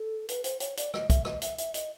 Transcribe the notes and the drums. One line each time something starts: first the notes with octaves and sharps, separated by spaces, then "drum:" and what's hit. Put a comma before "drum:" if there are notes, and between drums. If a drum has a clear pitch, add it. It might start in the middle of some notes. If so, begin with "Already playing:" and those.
Already playing: A4
B4, drum: hi-hat
C5, drum: hi-hat
C#5, drum: hi-hat
D5, drum: hi-hat
D#5, drum: rim click
E5, drum: kick, hi-hat
D#5, drum: rim click
E5, drum: hi-hat
E5, drum: hi-hat
D#5, drum: hi-hat